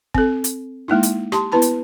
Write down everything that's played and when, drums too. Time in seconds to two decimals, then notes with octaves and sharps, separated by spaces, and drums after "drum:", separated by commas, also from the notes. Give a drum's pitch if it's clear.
0.14 C4 A4, drum: kick
0.44 drum: hi-hat
0.88 G#3 A#3 D#4 E4
1.03 drum: hi-hat
1.32 G4 A5 C6, drum: rim click
1.52 B3 E4 B4 A5 B5
1.62 drum: hi-hat